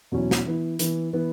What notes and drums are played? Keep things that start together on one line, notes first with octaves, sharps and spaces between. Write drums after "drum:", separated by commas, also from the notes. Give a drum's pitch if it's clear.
E2 B2 F#3 C#4 E4
drum: snare
E3 B3 E4
E3 B3 E4, drum: hi-hat
E3 B3 E4